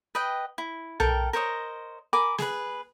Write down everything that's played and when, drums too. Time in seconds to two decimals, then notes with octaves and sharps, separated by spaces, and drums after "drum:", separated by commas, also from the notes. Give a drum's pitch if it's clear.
0.15 B4 D#5 G5
0.58 E4
1.00 A4 A#4 G5, drum: tom B1
1.33 A#4 C5 C#5 D#5
2.13 A#4 G#5 B5 D6
2.38 G#4 B4, drum: snare